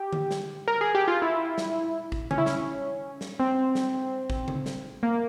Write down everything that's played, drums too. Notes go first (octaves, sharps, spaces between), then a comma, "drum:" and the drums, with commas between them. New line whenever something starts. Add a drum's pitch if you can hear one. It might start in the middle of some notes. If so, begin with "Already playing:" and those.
Already playing: G4
drum: tom D3
drum: snare
A#4
G#4
G4
F4
E4
drum: snare
drum: kick
C#4, drum: tom C#3
E4
C#4, drum: snare
drum: snare
C4
drum: snare
drum: kick
drum: tom C#3
drum: snare
A#3